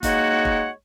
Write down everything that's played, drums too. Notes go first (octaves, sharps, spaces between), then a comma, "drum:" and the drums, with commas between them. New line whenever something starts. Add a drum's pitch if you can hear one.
G#3 A#3 D#4 F#4 C#5 F#5, drum: kick F1, hi-hat
drum: kick F1